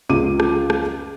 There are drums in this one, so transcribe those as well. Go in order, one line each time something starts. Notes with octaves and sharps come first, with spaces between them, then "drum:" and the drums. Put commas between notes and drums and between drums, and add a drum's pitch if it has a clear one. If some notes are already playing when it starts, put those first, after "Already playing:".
C#2 F4 D6 D#7
drum: rim click
drum: rim click